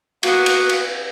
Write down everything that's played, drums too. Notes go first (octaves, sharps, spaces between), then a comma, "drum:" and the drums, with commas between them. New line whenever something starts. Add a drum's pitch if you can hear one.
A#3 B3 F#4, drum: cymbal
drum: cymbal
drum: cymbal